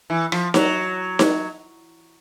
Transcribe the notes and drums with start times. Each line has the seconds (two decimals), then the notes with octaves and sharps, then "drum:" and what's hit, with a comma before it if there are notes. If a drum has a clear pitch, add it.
0.10 E3
0.32 F3, drum: rim click
0.54 F#3, drum: snare D#4
1.19 drum: snare D#4